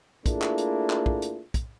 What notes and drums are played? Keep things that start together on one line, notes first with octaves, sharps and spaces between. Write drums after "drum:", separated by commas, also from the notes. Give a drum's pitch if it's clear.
A3 A#3 D4 E4 F4 G#4, drum: kick, hi-hat
drum: clap
drum: hi-hat
drum: clap
drum: kick
drum: hi-hat
drum: kick, hi-hat